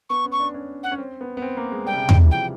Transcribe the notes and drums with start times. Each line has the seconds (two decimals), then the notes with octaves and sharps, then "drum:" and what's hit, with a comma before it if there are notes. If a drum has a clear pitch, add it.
0.10 B3 C#6
0.25 C#4
0.32 C#6
0.40 D4
0.54 C#4
0.83 F#5
0.91 C#4
0.98 C4
1.21 B3
1.37 B3
1.42 C4
1.57 A#3
1.72 G#3
1.86 G3 G5
1.94 C3
1.97 C#3
2.09 C3, drum: tom
2.20 E3
2.31 F3 G5